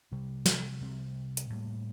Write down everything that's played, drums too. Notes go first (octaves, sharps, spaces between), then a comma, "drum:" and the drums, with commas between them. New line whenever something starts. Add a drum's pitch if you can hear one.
C3 G3 C4
drum: snare
C3 G3 C4
drum: hi-hat
A2 G3 A#3